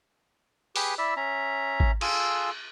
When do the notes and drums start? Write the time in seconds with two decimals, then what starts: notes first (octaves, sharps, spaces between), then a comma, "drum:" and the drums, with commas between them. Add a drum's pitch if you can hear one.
0.76 G4 G#4 B4, drum: open hi-hat
0.98 E4 D5 E5 E6
1.17 C#4 E5 A#5
1.80 drum: kick G#1
2.01 F4 G#4 A4 E6, drum: cymbal